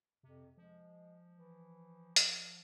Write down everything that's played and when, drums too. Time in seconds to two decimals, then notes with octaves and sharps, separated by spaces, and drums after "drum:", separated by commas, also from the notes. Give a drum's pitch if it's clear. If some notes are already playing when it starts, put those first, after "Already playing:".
0.23 F2 C3
0.57 F3 G#3
1.37 E3
2.16 drum: hi-hat